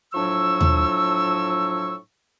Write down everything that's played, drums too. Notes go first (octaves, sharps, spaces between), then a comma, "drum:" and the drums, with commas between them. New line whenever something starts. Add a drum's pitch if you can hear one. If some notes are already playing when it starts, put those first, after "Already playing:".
A2 F3 F#3 D4 C#6 E6
drum: tom D#2